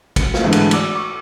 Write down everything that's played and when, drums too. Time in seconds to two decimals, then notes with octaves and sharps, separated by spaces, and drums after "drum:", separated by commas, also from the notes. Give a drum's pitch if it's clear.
0.16 C#7, drum: kick, cymbal
0.34 drum: snare
0.43 G#2 D3 E3 G#3 A3 B3
0.53 drum: cymbal
0.71 D5 D6 E6, drum: cymbal
0.95 C#6 D6